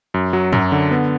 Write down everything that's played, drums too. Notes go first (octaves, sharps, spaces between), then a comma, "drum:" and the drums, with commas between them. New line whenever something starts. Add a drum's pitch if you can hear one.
F#2
F#3
F#2, drum: tom
D3
B3